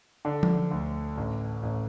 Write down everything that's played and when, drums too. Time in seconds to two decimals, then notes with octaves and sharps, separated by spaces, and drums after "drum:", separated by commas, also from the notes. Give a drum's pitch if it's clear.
0.25 D3 D4
0.43 drum: tom F3
0.71 D2
1.17 A1
1.63 A1